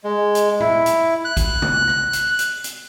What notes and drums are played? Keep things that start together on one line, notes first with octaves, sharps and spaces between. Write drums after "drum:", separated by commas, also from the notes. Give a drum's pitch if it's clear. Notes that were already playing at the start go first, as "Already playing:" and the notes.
G#3
drum: hi-hat
E4, drum: tom
drum: hi-hat
F#6
drum: kick, hi-hat
drum: tom C3
drum: rim click
drum: hi-hat
drum: hi-hat
drum: hi-hat